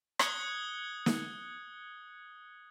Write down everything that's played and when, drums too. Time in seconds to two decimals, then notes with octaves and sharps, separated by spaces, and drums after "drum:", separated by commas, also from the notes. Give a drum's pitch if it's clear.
0.19 D#6 F#6 G#6 C#7 G7, drum: rim click
1.06 drum: snare